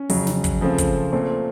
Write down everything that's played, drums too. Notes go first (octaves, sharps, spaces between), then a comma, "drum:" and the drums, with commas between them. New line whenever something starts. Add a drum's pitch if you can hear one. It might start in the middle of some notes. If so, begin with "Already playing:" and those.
Already playing: C#4
F2 C#3 F#3, drum: open hi-hat
drum: snare
drum: kick, hi-hat
C#3 F3 A3 C4
drum: kick, hi-hat
A#2 A3 C4